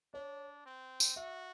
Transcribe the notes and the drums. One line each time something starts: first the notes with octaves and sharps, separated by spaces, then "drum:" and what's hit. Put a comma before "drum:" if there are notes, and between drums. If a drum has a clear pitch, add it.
D4 C#5
C4
drum: tambourine
F#4 E5